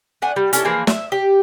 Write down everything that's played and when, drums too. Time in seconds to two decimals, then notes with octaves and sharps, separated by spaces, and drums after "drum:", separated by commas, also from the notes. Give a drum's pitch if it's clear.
0.22 A3 D4 F#5 G#5
0.36 G3
0.53 C#4 D4 E4 A4, drum: hi-hat
0.65 E3 F3 A#3 G#4
0.87 E5, drum: snare
1.12 G4